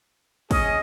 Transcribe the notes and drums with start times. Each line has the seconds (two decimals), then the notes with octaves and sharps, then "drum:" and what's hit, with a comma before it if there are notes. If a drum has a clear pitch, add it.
0.51 C#4 G#4 D#5, drum: kick, open hi-hat